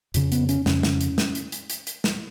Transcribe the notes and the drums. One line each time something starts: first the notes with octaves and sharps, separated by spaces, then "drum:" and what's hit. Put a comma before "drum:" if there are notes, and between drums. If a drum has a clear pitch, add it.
F2 C#3, drum: hi-hat
B3, drum: hi-hat
C#4, drum: hi-hat
F2 C#3 C#4, drum: snare
drum: snare
drum: hi-hat
drum: snare
drum: hi-hat
drum: hi-hat
drum: hi-hat
drum: hi-hat
drum: snare